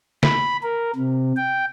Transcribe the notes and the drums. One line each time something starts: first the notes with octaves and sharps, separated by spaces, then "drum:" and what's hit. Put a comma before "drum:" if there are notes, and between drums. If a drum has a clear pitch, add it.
B5, drum: snare
A#4
C3
G5